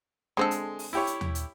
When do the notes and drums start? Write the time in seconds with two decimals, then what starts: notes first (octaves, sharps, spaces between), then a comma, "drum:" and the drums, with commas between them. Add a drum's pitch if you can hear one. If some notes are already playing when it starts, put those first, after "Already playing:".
0.37 D3 G#3 C4 A4
0.51 drum: hi-hat
0.79 drum: open hi-hat
0.93 E4 G4 C#5
1.07 drum: hi-hat
1.21 drum: tom D#2
1.35 drum: hi-hat